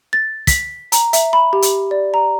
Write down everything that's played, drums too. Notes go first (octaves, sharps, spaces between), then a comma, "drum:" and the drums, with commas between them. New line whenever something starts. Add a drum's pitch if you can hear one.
A6
B6, drum: kick, hi-hat
A#5, drum: hi-hat
E5, drum: hi-hat
B5
G4
drum: hi-hat
D5
A#5